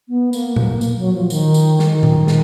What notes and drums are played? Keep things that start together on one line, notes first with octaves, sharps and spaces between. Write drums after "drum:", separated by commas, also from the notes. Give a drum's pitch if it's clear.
B3
A#3, drum: tambourine
A#3, drum: tom A#2
drum: tambourine
F#3
F3
D#3, drum: tambourine
drum: tambourine
D#3, drum: snare
drum: tom A#2
drum: snare